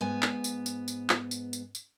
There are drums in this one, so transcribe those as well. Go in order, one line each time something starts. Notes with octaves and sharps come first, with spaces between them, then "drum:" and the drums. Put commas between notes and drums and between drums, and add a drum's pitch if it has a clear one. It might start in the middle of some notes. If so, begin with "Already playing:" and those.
G#2 B3 G#5
drum: clap
drum: tambourine
drum: tambourine
drum: tambourine
drum: clap
drum: tambourine
drum: tambourine
drum: tambourine